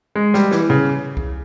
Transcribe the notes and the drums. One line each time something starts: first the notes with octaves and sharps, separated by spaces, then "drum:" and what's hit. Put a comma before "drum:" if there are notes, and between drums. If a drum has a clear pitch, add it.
G#3
G3, drum: snare
E3, drum: snare
C#3
drum: kick C2